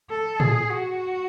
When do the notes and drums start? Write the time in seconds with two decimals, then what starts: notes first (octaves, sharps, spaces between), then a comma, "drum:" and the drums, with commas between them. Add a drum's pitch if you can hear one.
0.10 A4
0.40 G#4, drum: tom A2
0.70 F#4